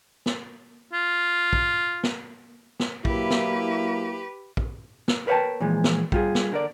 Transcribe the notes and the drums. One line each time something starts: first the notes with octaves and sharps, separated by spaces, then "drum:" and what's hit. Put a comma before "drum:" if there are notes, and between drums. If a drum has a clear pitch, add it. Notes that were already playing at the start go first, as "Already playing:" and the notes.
drum: snare
F4
drum: kick
drum: snare
drum: snare
F#3 A#3 E4 G4 B4, drum: kick
drum: snare
drum: kick
drum: snare
A#4 B4 C#5 E5 G5 A5
A#2 E3 F3 G#3
drum: snare
G3 F4 G#4, drum: kick
drum: snare
D3 A#4 D5